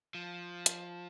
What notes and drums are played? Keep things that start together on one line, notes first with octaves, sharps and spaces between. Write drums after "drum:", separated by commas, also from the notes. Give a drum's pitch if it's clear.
F3
drum: hi-hat